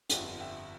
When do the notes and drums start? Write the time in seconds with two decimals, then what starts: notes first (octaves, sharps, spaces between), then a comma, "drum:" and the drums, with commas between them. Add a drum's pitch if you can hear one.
0.09 G1 F2 D3 G3 E5 G5, drum: hi-hat
0.40 E5 G5